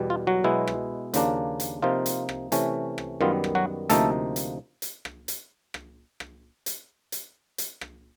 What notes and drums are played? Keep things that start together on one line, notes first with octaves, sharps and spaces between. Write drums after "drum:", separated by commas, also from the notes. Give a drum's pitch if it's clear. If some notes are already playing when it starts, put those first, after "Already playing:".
Already playing: E2 B2 G3
F4
F#3 F#4
B2 G#3 B3 E4
drum: rim click
D#2 C#3 F3 A#3 D4, drum: hi-hat
drum: hi-hat
C3 F3 A#3 D#4 F4
drum: hi-hat
drum: rim click
C3 E3 A3 C#4, drum: hi-hat
drum: rim click
F#2 D#3 G3 B3 F4
drum: rim click
F#3 F#4
D2 C3 F3 A3 A#3 D#4 A4, drum: hi-hat
drum: hi-hat
drum: hi-hat
drum: rim click
drum: hi-hat
drum: rim click
drum: rim click
drum: hi-hat
drum: hi-hat
drum: hi-hat
drum: rim click